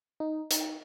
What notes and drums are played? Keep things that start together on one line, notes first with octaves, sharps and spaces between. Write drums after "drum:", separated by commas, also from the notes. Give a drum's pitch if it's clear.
D#4
D#4, drum: hi-hat